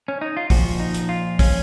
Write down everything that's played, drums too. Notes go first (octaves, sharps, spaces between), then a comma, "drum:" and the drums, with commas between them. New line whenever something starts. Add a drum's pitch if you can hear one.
C#4
D#4
F4
A#2 F3 F#4, drum: kick, open hi-hat
D#4
drum: hi-hat
F4
C#4, drum: kick, open hi-hat